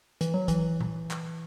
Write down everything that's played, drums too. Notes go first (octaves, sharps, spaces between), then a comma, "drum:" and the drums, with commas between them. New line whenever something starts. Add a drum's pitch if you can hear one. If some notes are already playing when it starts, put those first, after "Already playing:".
E3, drum: hi-hat
F#3
E3, drum: kick, hi-hat
drum: tom A#2
drum: clap